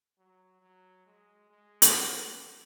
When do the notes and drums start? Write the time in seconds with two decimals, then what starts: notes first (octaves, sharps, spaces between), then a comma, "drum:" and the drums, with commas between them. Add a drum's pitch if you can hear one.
0.18 F#3
0.61 F#3
1.06 G#3
1.50 G#3
1.82 drum: hi-hat
1.93 F#3